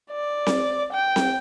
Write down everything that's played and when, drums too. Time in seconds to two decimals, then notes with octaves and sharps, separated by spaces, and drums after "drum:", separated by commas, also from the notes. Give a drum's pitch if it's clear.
0.12 D5
0.46 drum: snare C4
0.93 G5
1.16 drum: snare C4